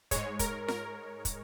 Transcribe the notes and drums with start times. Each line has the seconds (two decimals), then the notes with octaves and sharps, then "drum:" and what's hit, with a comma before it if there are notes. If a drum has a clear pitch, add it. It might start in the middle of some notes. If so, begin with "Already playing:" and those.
0.11 G#2 G#3 C#5, drum: kick, hi-hat
0.39 A#4, drum: kick, hi-hat
0.68 A#4, drum: snare F4
1.25 drum: kick, hi-hat